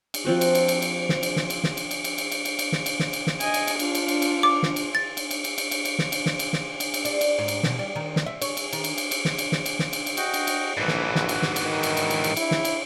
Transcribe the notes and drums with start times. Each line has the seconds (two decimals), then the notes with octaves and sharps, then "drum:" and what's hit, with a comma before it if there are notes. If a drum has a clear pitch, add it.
0.14 drum: cymbal
0.24 F3 C4 F#4
0.41 drum: cymbal
0.55 drum: cymbal
0.68 drum: cymbal
0.82 drum: cymbal
1.09 drum: snare
1.23 drum: cymbal
1.36 drum: snare
1.50 drum: cymbal
1.64 drum: snare
1.77 drum: cymbal
1.91 drum: cymbal
2.04 drum: cymbal
2.18 drum: cymbal
2.32 drum: cymbal
2.45 drum: cymbal
2.59 drum: cymbal
2.72 drum: snare
2.86 drum: cymbal
2.99 drum: snare
3.13 drum: cymbal
3.27 drum: snare
3.40 D#5 G#5, drum: cymbal
3.54 drum: cymbal
3.67 drum: cymbal
3.79 D4 F4, drum: cymbal
3.95 drum: cymbal
4.08 drum: cymbal
4.22 drum: cymbal
4.43 D6
4.63 drum: snare
4.76 drum: cymbal
4.95 A6
5.17 drum: cymbal
5.31 drum: cymbal
5.44 drum: cymbal
5.58 drum: cymbal
5.71 drum: cymbal
5.85 drum: cymbal
5.99 drum: snare
6.12 drum: cymbal
6.26 drum: snare
6.39 drum: cymbal
6.53 drum: snare
6.80 drum: cymbal
6.94 drum: cymbal
7.05 D4, drum: cymbal
7.21 drum: cymbal
7.39 G#2
7.48 drum: cymbal
7.63 B2, drum: snare
7.79 G3
7.96 D#3
8.16 drum: snare
8.26 E5
8.42 C#5, drum: cymbal
8.57 drum: cymbal
8.73 D#3, drum: cymbal
8.84 drum: cymbal
8.98 drum: cymbal
9.11 drum: cymbal
9.25 drum: snare
9.38 drum: cymbal
9.52 drum: snare
9.66 drum: cymbal
9.79 drum: snare
9.93 drum: cymbal
10.06 drum: cymbal
10.17 F#4 D#5 G5, drum: cymbal
10.34 drum: cymbal
10.47 drum: cymbal
10.78 A#1 G#2 E3 B4
10.88 drum: snare
11.15 F#4, drum: snare
11.29 drum: cymbal
11.42 drum: snare
11.56 drum: cymbal
11.66 D#3
11.83 drum: cymbal
11.97 drum: cymbal
12.10 drum: cymbal
12.24 drum: cymbal
12.37 E4, drum: cymbal
12.51 drum: snare
12.65 drum: cymbal